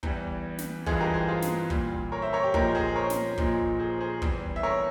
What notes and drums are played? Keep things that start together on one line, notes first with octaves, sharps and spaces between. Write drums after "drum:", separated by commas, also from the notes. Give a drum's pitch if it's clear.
E2 E3 G3, drum: kick
drum: snare
G2 E3 G#3 F4 G#4, drum: kick
G4 A#4
G#4 C5
F4 G#4
drum: snare
A#2 G3, drum: kick
A#4 C#5
C5 E5
A#4 C#5
G4
A#2 F3 G#3 G4 A#4, drum: kick
G#4 C5
A#4 C#5
drum: snare
A#2 F3 G#3, drum: kick
G#4 C5
G#4 C5
E2 E3 G3, drum: kick
E5
A#4 C#5